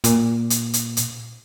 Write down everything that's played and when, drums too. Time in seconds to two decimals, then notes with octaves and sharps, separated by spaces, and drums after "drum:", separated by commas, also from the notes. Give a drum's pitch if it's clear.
0.04 A#2, drum: hi-hat
0.50 drum: hi-hat
0.73 drum: hi-hat
0.97 drum: hi-hat